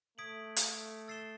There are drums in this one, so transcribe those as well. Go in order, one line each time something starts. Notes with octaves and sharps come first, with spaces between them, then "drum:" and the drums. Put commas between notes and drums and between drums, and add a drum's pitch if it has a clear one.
A3 D#6 G#6 B6 D7 F#7
drum: hi-hat
E6 A6 C7 E7 G7